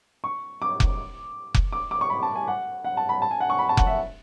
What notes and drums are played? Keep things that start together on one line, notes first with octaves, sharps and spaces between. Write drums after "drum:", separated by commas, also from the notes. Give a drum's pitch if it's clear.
C#6
D6
drum: kick F1
drum: kick F1
D6
D6
C#6
B5
A5
G#5
F#5
F#5
A5
B5
A5
G#5
F#5
C#6
B5
A5
F#5, drum: kick F1
E5